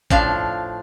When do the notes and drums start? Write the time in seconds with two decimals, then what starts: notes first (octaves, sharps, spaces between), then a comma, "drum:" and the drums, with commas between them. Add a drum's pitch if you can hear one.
0.10 A2 F3 D4 F5, drum: kick